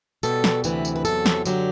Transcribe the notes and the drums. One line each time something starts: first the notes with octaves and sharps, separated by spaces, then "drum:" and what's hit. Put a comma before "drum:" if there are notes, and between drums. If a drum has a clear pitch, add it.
B2 G3 A4, drum: tambourine
drum: snare
D2 C3 E3 B4, drum: tambourine
drum: tambourine
B4
E2 C3 F#3 A4, drum: tambourine
drum: snare
F#2 D3 F#3 G4, drum: tambourine